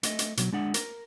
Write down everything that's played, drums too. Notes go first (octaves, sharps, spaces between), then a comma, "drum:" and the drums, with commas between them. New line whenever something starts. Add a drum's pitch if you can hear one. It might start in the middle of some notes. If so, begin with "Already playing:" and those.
A3 D#5, drum: hi-hat
drum: hi-hat
B2 F#3, drum: hi-hat
G#3 D4 F#5
A#4, drum: hi-hat